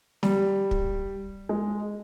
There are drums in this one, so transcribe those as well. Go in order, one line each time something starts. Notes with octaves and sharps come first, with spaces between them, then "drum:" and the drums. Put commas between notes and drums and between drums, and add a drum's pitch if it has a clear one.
G3, drum: snare
drum: kick
G#3